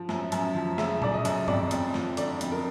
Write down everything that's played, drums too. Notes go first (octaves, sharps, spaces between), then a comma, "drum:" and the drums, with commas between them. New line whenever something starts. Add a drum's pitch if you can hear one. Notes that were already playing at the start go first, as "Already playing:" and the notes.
Already playing: F3
F#2, drum: snare
F#2, drum: hi-hat
F3
C#3 E5, drum: snare
F#2 D5, drum: tom A#2
D#5
F#2, drum: hi-hat
F2 D5, drum: tom G2
F2, drum: hi-hat
F3, drum: snare
D3 D5, drum: hi-hat
F2, drum: hi-hat
A#4